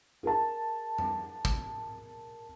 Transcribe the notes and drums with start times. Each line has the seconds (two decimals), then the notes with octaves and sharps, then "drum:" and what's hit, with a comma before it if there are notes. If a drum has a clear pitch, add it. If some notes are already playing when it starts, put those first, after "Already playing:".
0.23 G#4 A#4 A5
0.98 drum: tom F2
1.45 drum: kick